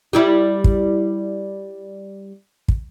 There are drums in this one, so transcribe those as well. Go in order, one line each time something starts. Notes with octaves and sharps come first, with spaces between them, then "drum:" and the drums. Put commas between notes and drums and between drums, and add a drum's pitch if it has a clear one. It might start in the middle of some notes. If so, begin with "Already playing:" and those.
G3 E4 G4
drum: kick
drum: kick